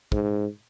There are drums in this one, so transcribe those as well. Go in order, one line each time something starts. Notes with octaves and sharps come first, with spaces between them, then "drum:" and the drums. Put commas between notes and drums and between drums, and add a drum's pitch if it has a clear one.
G#2, drum: kick